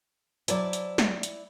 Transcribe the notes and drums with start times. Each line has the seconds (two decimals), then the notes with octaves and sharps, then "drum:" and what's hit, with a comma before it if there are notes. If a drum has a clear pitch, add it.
0.48 F#3 E4 C5 D5 A5, drum: hi-hat
0.73 drum: hi-hat
0.98 drum: snare
1.23 drum: hi-hat